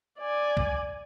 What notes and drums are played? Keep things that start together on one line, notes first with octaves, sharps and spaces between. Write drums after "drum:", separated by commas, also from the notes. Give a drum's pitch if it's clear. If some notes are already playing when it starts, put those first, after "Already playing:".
D5 G#5
drum: kick